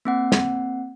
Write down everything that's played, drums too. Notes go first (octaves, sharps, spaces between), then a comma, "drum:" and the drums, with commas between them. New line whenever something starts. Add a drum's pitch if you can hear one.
A#3 C4 F#5
drum: snare